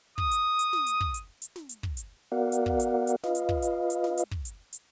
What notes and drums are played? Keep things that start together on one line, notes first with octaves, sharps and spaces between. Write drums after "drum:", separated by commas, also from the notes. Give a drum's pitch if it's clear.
D#6, drum: kick
drum: hi-hat
drum: hi-hat
drum: snare
drum: hi-hat
drum: kick
drum: hi-hat
drum: hi-hat
drum: snare
drum: hi-hat
drum: kick
drum: hi-hat
B3 F#4 A#4 D5 F5 F#5
drum: hi-hat
drum: kick
drum: hi-hat
drum: hi-hat
F4 B4 D#5 F5, drum: snare
drum: hi-hat
drum: kick
drum: hi-hat
drum: hi-hat
drum: snare
drum: hi-hat
drum: kick
drum: hi-hat
drum: hi-hat